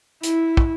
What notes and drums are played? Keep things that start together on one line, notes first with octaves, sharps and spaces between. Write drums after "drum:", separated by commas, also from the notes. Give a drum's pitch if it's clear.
E4, drum: hi-hat
drum: kick